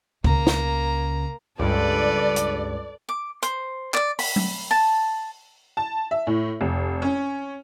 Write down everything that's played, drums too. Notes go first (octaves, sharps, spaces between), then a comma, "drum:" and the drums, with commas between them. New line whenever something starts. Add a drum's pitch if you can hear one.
C#2 C#3 A#3 A#5, drum: kick
drum: snare
C#2 G2 A4 B4 D5
drum: hi-hat
D6
C5, drum: hi-hat
D5, drum: clap
B5, drum: open hi-hat
drum: tom F#3
A5
A5
E5
A2
F1
C#4